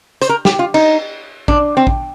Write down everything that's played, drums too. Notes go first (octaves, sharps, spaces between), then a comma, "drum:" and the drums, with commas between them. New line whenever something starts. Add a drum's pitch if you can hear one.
C5, drum: hi-hat
A#4
G4, drum: snare
F4
D#4, drum: cymbal
D4, drum: kick
C4
drum: kick